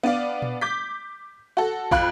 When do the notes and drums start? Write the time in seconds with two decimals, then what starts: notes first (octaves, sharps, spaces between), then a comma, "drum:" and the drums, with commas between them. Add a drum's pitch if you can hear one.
0.03 B3 D4 D5 F5
0.42 drum: tom A#2
0.61 D6 G6 B6
1.57 F#4 A4
1.91 F2 F5 B5 F#6, drum: kick